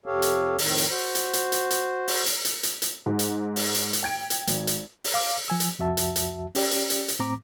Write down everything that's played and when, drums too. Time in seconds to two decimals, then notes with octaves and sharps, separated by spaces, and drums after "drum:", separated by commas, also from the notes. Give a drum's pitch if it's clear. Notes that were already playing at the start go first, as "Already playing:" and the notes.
0.06 F2 C3 G4 A4 C#5 F5
0.22 drum: hi-hat
0.58 F2 A2 D#3, drum: open hi-hat
0.78 drum: hi-hat
0.90 F#4 C5
1.15 drum: hi-hat
1.33 drum: hi-hat
1.52 drum: hi-hat
1.70 drum: hi-hat
2.08 drum: open hi-hat
2.26 drum: hi-hat
2.45 drum: hi-hat
2.63 drum: hi-hat
2.82 drum: hi-hat
3.06 G#2
3.19 drum: hi-hat
3.56 drum: open hi-hat
3.74 drum: hi-hat
3.93 drum: hi-hat
4.03 G5 G#6 D7
4.30 drum: hi-hat
4.47 G#1, drum: hi-hat
4.67 drum: hi-hat
5.04 drum: open hi-hat
5.14 F5 D6
5.48 F3 G#5 E6
5.60 drum: hi-hat
5.79 C2 F2 F#4 E5 A5
5.97 drum: hi-hat
6.16 drum: hi-hat
6.55 C#4 G4 D5, drum: open hi-hat
6.71 drum: hi-hat
6.90 drum: hi-hat
7.08 drum: hi-hat
7.19 A2 C4 A#5 D6